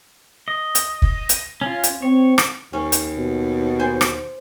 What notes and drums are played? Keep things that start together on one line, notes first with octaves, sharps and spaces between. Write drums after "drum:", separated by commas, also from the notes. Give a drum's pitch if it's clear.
D#5
drum: hi-hat
drum: kick
drum: hi-hat
C#4 F4
drum: hi-hat
C4 C#5
drum: rim click
D#2 C#4
drum: hi-hat
B2
C5 G#5
drum: rim click